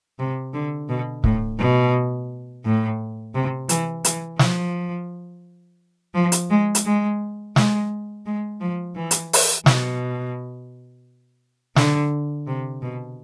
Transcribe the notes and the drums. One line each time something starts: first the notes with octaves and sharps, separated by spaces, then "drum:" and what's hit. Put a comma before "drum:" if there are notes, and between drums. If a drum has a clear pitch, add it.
C3
D3
B2
A2, drum: kick C#1
B2
A2
C3
E3, drum: hi-hat
E3, drum: hi-hat
F3, drum: snare
F3
drum: hi-hat
G#3
drum: hi-hat
G#3
G#3, drum: snare
G#3
F3
E3
drum: hi-hat
drum: open hi-hat
B2, drum: snare
D3, drum: snare
C3
B2